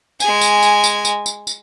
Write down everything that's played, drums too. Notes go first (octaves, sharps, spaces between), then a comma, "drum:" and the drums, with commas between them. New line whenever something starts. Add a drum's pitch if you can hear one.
G#3 G#5, drum: tambourine
drum: tambourine
drum: tambourine
drum: tambourine
drum: tambourine
drum: tambourine
drum: tambourine